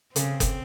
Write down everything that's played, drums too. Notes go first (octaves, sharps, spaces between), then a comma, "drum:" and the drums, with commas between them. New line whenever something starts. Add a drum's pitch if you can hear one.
C#3 C4, drum: hi-hat
drum: kick F#1, hi-hat